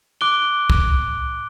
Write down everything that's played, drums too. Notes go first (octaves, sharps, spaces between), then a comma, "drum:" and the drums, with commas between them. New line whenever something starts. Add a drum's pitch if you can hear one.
D6 F#6 D7 G7
drum: kick